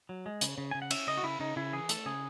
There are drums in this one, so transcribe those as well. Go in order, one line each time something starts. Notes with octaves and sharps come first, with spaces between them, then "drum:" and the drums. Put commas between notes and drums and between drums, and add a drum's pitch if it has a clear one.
F#3
G#3
C#3, drum: hi-hat
C#3
C#3 G#5
F#5
C#4 E5, drum: cymbal
C#3 D#5
F#4
C#3 E4
C#3 D#4
C#3 E4
E3 G#4
A3 A4, drum: hi-hat
C#3 G#4